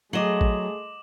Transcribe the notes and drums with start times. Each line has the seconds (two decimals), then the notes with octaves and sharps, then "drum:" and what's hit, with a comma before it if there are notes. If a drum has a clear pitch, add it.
0.13 F#3 A3 G#4 D#5 C6 D6 E7 F#7
0.41 drum: kick A1